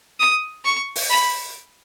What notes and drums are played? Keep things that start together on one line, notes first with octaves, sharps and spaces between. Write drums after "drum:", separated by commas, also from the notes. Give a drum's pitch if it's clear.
D#6
C#6
drum: open hi-hat
B5